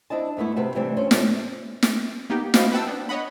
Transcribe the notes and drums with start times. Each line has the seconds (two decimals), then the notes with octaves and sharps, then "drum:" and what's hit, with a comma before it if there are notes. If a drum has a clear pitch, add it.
0.10 C4 D4 E4 D#5 A5
0.37 G#2 A3 B3 E4
0.56 D2 C3 F#4 B4 E5 A5
0.75 C3 E3 G3 A3 C4 D4
0.97 C#4 D4 F4 C5
1.11 F2 C3 A3 D4, drum: snare
1.83 drum: snare
2.30 A#3 B3 D#4 G4
2.54 E4 F#4 C5 D#5 F5, drum: snare
2.72 B4 F#5 G5 A5 E6
2.87 B3 D4
3.09 C#5 D#5 F#5 B5